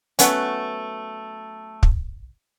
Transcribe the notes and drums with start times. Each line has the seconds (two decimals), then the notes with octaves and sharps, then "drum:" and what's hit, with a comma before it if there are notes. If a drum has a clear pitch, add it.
0.19 F#3 A3 B3 C#4, drum: hi-hat
1.83 drum: kick